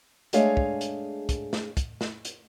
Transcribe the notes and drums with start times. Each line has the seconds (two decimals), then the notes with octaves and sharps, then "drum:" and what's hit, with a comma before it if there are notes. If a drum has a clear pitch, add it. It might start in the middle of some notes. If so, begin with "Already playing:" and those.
0.33 G#3 A3 D4 G#4 C#5 F5, drum: hi-hat
0.57 drum: kick
0.81 drum: hi-hat
1.29 drum: kick, hi-hat
1.53 drum: snare
1.77 drum: kick, hi-hat
2.01 drum: snare
2.25 drum: hi-hat